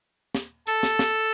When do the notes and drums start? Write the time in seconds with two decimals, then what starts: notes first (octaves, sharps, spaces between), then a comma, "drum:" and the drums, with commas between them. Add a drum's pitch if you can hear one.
0.35 drum: snare
0.67 A4, drum: hi-hat
0.83 drum: snare
0.99 drum: snare